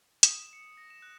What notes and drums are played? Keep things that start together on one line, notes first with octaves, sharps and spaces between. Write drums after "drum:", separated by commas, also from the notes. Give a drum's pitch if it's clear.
D#6, drum: hi-hat
E7
C#7
A#6
E7
F#6